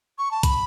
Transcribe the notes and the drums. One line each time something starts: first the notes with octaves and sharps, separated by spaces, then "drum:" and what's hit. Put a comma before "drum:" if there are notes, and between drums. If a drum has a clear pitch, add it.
C#6
A5
B5, drum: kick B1, hi-hat